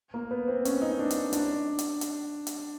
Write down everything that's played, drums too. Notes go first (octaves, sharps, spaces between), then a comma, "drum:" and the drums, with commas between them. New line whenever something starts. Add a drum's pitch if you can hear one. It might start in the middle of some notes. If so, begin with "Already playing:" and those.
A#3
B3
C4
C#4, drum: hi-hat
D#4
D4
drum: hi-hat
D4, drum: hi-hat
drum: hi-hat
drum: hi-hat
drum: hi-hat